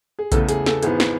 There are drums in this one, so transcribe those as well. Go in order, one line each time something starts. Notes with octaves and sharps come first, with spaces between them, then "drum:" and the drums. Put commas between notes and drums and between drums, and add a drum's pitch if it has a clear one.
G#4
E2 C#3 E3 A3 A4, drum: kick A#1, hi-hat
G#4, drum: hi-hat
A4, drum: snare
G#1 G#2 E3 B3 G#4, drum: hi-hat
drum: snare